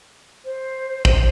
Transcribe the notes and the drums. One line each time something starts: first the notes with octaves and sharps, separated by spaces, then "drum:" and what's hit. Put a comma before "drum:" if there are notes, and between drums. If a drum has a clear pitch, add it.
C5
drum: kick